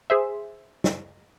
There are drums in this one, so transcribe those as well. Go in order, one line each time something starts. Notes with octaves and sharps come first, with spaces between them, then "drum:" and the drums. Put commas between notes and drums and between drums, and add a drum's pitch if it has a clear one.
G#4 C5 E5
drum: snare